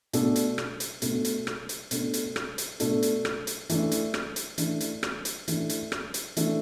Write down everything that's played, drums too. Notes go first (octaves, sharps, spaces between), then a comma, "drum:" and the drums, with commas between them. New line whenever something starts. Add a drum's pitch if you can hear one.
B2 A3 D4 A4, drum: hi-hat
drum: hi-hat
drum: rim click
drum: hi-hat
B2 A3 D4 A4, drum: hi-hat
drum: hi-hat
drum: rim click
drum: hi-hat
B2 A3 D4 A4, drum: hi-hat
drum: hi-hat
drum: rim click
drum: hi-hat
B2 A3 D4 A4, drum: hi-hat
drum: hi-hat
drum: rim click
drum: hi-hat
E3 A3 D4, drum: hi-hat
drum: hi-hat
drum: rim click
drum: hi-hat
E3 A3 D4, drum: hi-hat
drum: hi-hat
drum: rim click
drum: hi-hat
E3 A3 D4, drum: hi-hat
drum: hi-hat
drum: rim click
drum: hi-hat
E3 A3 D4, drum: hi-hat